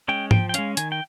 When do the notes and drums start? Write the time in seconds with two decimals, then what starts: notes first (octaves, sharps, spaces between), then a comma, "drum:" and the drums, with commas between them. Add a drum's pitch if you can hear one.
0.08 G#3 C#4 G5
0.31 F3 G5, drum: tom G#2
0.49 G5
0.54 G#3 C#4 F5, drum: hi-hat
0.77 D#3 G#5, drum: hi-hat
0.92 G5